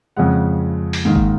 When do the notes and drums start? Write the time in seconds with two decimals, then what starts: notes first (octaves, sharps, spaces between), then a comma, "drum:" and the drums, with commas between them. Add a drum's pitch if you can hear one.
0.16 F2 C#3 G#3 F#5
0.93 drum: open hi-hat
1.05 G#2 D#3 A#3
1.15 drum: kick G1